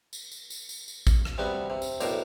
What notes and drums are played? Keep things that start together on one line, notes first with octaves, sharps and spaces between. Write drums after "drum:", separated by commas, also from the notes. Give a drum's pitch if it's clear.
drum: tambourine
drum: tambourine
drum: tambourine
drum: tambourine
drum: tambourine
drum: kick A1, tambourine
drum: rim click
C3 G3 B3 F#4
C3
drum: tambourine
B1 A2 D4 A#4 C5, drum: tambourine